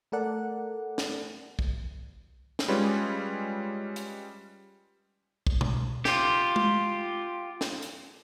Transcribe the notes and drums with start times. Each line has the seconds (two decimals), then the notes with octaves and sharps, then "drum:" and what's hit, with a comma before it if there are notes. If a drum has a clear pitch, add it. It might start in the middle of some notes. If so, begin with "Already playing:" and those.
0.12 A3 A4 A#4 D5 F#5
0.98 drum: snare
1.59 drum: kick
2.59 drum: snare
2.68 G3 G#3 C#4 F4 B4 C#5
3.96 drum: hi-hat
5.47 drum: kick
5.61 drum: tom B2
6.05 F4 G4, drum: snare
6.56 drum: tom G#3
7.61 drum: snare
7.82 drum: hi-hat